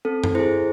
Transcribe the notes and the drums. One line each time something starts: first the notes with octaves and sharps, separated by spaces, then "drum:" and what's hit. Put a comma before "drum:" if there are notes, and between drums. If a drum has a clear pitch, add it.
C4 A4
drum: tom F#2
E4 G#4 C5